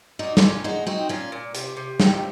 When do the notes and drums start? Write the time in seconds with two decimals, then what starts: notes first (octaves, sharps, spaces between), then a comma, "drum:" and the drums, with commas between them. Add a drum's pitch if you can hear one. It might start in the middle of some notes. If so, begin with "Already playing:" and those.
0.19 A#2 D#4 F#4
0.37 D#4, drum: snare
0.41 A#2 C#4 F4
0.64 G#3 D#4 F#4
0.87 C4 D#4 F#4
1.09 A#2 C#4 F4
1.32 A#2
1.55 C3, drum: hi-hat
1.77 C3
2.00 D#3, drum: snare